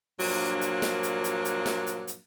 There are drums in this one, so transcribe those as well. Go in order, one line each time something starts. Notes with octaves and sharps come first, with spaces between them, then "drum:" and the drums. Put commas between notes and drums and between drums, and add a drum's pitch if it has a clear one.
G2 A#2 F3 F#3 A#3 D4, drum: open hi-hat
drum: hi-hat
drum: snare
drum: hi-hat
drum: hi-hat
drum: hi-hat
drum: snare
drum: hi-hat
drum: hi-hat